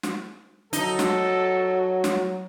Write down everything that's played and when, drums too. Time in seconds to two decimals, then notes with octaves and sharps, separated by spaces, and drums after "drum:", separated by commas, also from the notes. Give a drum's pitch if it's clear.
0.03 drum: snare
0.73 F#3 D#4 A4, drum: hi-hat
0.99 drum: snare
2.04 drum: snare